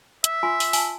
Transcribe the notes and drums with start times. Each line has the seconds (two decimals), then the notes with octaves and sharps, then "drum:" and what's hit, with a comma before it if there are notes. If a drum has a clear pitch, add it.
0.24 E5, drum: hi-hat
0.43 F4 G#5 C6
0.60 drum: open hi-hat
0.73 G#5 A5, drum: open hi-hat